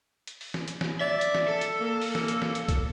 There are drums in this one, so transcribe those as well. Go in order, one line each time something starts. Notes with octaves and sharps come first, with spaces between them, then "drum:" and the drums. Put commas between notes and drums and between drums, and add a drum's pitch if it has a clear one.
drum: hi-hat
drum: open hi-hat
drum: snare
drum: hi-hat
drum: snare
D5 E5
drum: hi-hat
drum: snare
A4
drum: hi-hat
A#3
drum: open hi-hat
drum: snare
drum: hi-hat
drum: snare
drum: hi-hat
drum: kick, hi-hat